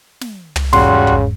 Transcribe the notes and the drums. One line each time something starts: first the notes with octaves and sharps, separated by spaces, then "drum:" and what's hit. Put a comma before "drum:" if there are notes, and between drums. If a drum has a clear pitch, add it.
drum: snare
drum: tom
E2 G#2 C#3 G3 F#4 C6, drum: snare
drum: kick